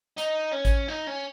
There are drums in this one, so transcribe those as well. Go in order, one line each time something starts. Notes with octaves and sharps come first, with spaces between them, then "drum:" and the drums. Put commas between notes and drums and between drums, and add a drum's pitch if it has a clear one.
D#4, drum: hi-hat
C#4
drum: kick A1, hi-hat
D#4
C#4